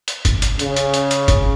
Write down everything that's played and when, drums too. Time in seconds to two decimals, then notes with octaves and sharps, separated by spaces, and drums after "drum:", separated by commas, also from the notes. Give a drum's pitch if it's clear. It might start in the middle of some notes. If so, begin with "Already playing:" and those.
0.08 drum: hi-hat
0.25 drum: kick, hi-hat
0.42 drum: hi-hat
0.59 C#3, drum: hi-hat
0.76 drum: hi-hat
0.94 drum: hi-hat
1.11 drum: hi-hat
1.28 drum: kick, hi-hat